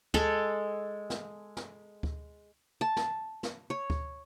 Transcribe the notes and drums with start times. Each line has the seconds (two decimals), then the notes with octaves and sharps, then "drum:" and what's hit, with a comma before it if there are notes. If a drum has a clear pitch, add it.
0.14 G#3 A4, drum: kick D2
1.10 drum: snare
1.57 drum: snare
2.03 drum: kick D2
2.81 A5
2.97 drum: snare
3.43 drum: snare
3.70 C#5
3.90 drum: kick D2